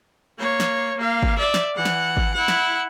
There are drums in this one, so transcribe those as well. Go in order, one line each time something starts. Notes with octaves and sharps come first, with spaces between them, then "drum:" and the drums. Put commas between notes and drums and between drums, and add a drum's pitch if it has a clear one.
A#3 C#5
drum: snare
A#3 F5
drum: kick G#1
D5 E5
drum: snare
E3 F#5
drum: snare
drum: kick G#1
E4 F#5
drum: snare